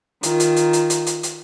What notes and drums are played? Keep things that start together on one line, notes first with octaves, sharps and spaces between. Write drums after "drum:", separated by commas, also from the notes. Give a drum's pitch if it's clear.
D#3 F4, drum: hi-hat
drum: hi-hat
drum: hi-hat
drum: hi-hat
drum: hi-hat
drum: hi-hat
drum: hi-hat